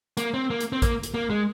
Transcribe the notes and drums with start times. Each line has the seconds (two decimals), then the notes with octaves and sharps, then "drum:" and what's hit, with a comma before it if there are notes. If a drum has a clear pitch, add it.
0.17 A#3, drum: hi-hat
0.34 C4
0.50 A#3
0.60 drum: hi-hat
0.72 C4
0.82 A#3, drum: kick A1, hi-hat
1.03 drum: hi-hat
1.14 A#3
1.30 G#3